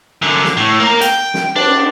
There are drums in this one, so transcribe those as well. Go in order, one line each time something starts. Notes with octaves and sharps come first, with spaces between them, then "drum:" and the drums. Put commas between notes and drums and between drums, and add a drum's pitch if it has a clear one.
F#2 D3
drum: snare
A2
A#3 A#4
G5, drum: hi-hat
drum: snare
D4, drum: cymbal